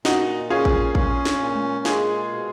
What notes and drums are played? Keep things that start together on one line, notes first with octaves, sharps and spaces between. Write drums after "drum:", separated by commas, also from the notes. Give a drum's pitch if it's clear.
A#2 D#4 F#4, drum: snare
C#4 F4 G#4
drum: kick
C#4, drum: kick
drum: snare
A#2
drum: tom G#3
G#3 F4 G#4, drum: snare
B2